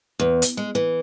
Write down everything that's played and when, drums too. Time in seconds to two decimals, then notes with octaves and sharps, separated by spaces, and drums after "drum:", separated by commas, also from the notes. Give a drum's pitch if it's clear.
0.20 E2
0.42 drum: hi-hat
0.57 G#3
0.75 E3